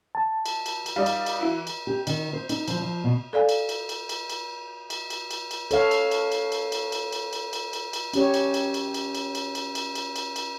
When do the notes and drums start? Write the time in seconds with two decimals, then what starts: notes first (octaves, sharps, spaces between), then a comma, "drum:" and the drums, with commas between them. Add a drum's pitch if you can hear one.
0.15 A5
0.46 drum: cymbal
0.66 drum: cymbal
0.86 drum: cymbal
0.96 G3 D#4 D5 F5
1.06 drum: cymbal
1.26 drum: cymbal
1.39 E3 E4 F#4
1.67 drum: cymbal
1.87 G4
2.07 D#3, drum: cymbal
2.33 C5
2.49 D#4, drum: cymbal
2.68 F3, drum: cymbal
2.82 F3
3.04 B2
3.33 A4 D5 F5 G#5
3.49 drum: cymbal
3.69 drum: cymbal
3.89 drum: cymbal
4.09 drum: cymbal
4.30 drum: cymbal
4.90 drum: cymbal
5.10 drum: cymbal
5.31 drum: cymbal
5.51 drum: cymbal
5.71 A4 C#5 F5, drum: cymbal
5.91 drum: cymbal
6.11 drum: cymbal
6.32 drum: cymbal
6.52 drum: cymbal
6.72 drum: cymbal
6.92 drum: cymbal
7.12 drum: cymbal
7.33 drum: cymbal
7.53 drum: cymbal
7.73 drum: cymbal
7.93 drum: cymbal
8.13 C#4 G4 C#5, drum: cymbal
8.34 drum: cymbal
8.54 drum: cymbal
8.74 drum: cymbal
8.94 drum: cymbal
9.15 drum: cymbal
9.35 drum: cymbal
9.55 drum: cymbal
9.75 drum: cymbal
9.95 drum: cymbal
10.16 drum: cymbal
10.36 drum: cymbal